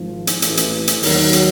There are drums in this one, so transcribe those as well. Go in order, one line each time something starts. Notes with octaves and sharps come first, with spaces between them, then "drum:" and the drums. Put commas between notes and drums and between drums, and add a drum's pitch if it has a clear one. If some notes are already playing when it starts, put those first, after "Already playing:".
Already playing: G#1 G#2 F3
drum: hi-hat
A1 A2 E3, drum: hi-hat
drum: hi-hat
drum: hi-hat
D#2 D#3 F#3, drum: open hi-hat
drum: hi-hat